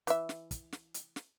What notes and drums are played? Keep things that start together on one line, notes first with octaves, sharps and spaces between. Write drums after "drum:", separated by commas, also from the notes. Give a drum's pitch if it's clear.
E3 E5, drum: hi-hat
drum: snare
drum: kick, hi-hat
drum: snare
drum: hi-hat
drum: snare